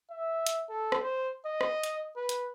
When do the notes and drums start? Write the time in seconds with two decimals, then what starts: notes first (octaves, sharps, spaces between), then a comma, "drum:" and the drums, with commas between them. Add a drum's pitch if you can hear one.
0.10 E5
0.47 drum: hi-hat
0.69 A4
0.92 drum: rim click
1.02 C5
1.46 D#5
1.61 drum: rim click
1.83 drum: hi-hat
2.16 B4
2.29 drum: hi-hat